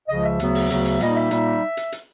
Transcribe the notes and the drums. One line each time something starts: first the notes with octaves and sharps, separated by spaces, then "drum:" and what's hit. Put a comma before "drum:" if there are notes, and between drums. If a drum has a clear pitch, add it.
C#2 C#3 F3 D#5
E5
D2 C#3 F#3 B3, drum: hi-hat
drum: open hi-hat
D2 C#3 F#3 B3, drum: hi-hat
drum: hi-hat
A#2 G3 A#3 D#4 D#5, drum: hi-hat
E5
A#2 G3 A#3 D#4, drum: hi-hat
drum: hi-hat
drum: hi-hat